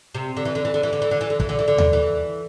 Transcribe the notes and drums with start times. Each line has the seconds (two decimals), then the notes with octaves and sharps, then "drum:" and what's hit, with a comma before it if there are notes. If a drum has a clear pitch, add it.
0.14 C3
0.36 D3
0.45 E3
0.55 D3
0.65 E3
0.74 D3
0.83 E3
0.93 D3
1.02 E3
1.11 D3
1.21 E3
1.30 D3
1.40 E3, drum: kick
1.49 D3
1.59 E3
1.68 D3
1.78 drum: tom D#2
1.93 E3